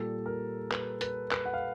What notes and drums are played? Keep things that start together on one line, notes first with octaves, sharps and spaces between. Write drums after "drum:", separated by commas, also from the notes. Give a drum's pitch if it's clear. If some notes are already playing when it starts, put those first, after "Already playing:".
Already playing: A#2 G3 A4
A#4
B4, drum: clap
B4, drum: hi-hat
B4, drum: clap
F#5
F5